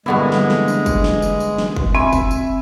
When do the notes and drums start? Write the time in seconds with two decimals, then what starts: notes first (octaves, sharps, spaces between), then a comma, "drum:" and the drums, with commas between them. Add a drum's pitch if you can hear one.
0.06 G2 D3 G#3 A#3 B3 E4
0.32 drum: snare
0.50 drum: snare
0.68 drum: tambourine
0.86 drum: kick, tambourine
1.04 drum: snare
1.22 drum: tambourine
1.40 drum: tambourine
1.58 drum: snare
1.76 drum: kick
1.95 C4 E5 G#5 B5
2.13 drum: kick, tambourine
2.31 drum: tambourine